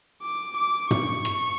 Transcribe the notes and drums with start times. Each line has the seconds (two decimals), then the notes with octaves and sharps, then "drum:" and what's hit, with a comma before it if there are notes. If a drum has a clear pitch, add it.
0.22 D6
0.57 D6
0.91 C#6, drum: tom
1.25 drum: rim click